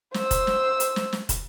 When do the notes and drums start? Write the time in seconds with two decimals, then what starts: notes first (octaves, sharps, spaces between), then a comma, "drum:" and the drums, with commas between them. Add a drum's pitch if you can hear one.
0.14 C5 E6, drum: snare
0.31 drum: kick, hi-hat
0.47 drum: snare
0.80 drum: hi-hat
0.96 drum: snare
1.13 drum: snare
1.29 drum: kick, hi-hat